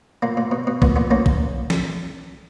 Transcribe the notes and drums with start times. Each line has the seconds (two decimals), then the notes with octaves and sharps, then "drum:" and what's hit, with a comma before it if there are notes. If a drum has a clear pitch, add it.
0.22 A#2 A#3
0.37 A#2
0.52 B2
0.67 B2
0.82 A#2 B3, drum: kick
0.96 A#2 B3
1.10 A#2 A#3 C#4
1.26 drum: kick
1.70 drum: snare